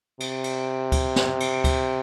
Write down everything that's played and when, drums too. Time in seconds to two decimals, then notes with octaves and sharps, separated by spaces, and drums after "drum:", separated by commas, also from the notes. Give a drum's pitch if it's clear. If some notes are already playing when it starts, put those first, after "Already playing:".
0.20 C3, drum: cymbal
0.44 drum: cymbal
0.92 drum: kick D2, cymbal
1.16 drum: snare
1.40 drum: cymbal
1.64 drum: kick D2, cymbal